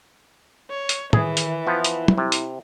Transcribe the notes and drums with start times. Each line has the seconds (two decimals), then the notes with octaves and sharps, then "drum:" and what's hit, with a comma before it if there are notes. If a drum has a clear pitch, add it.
0.70 C#5
0.89 drum: hi-hat
1.13 D#3 E3 G#4, drum: tom
1.37 drum: hi-hat
1.67 F3 B3 E4
1.84 drum: hi-hat
2.08 drum: tom
2.18 C3
2.32 drum: hi-hat